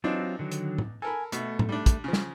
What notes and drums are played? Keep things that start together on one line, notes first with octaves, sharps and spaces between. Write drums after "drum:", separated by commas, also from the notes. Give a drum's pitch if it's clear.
E3 F#3 C4 D4 D#4 F4
D3 D#3 F#3
drum: hi-hat
drum: tom A2
A4 A#4 G#5 B5
B2 A3 E5, drum: hi-hat
drum: tom A2
G3 D4
drum: kick, hi-hat
C#3 F3
drum: snare